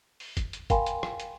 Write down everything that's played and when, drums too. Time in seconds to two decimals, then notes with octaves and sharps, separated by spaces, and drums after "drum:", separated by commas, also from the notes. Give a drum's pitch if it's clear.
0.20 drum: open hi-hat
0.37 drum: kick, hi-hat
0.53 drum: hi-hat
0.70 A#4 F5 G5 G#5 B5 C6, drum: kick, hi-hat
0.86 drum: hi-hat
1.03 drum: rim click
1.20 drum: hi-hat